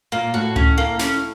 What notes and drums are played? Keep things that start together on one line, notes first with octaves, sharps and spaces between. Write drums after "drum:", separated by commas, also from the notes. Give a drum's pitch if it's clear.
A#2 A#3
A2 F#4
C#4, drum: tom C#2
A#3
C#4, drum: snare